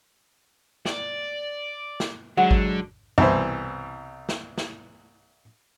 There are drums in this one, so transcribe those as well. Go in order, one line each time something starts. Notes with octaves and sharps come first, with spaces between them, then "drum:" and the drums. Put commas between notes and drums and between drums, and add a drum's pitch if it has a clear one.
D5, drum: snare
drum: snare
D3 F#3 G#3 F#5
drum: kick G#1
C2 B2 E3 C5, drum: tom F#2
drum: snare
drum: snare